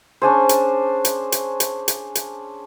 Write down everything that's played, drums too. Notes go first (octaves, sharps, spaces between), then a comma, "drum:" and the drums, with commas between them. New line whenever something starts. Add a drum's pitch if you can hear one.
C#4 D4 G#4 C5
drum: hi-hat
drum: hi-hat
drum: hi-hat
drum: hi-hat
drum: hi-hat
drum: hi-hat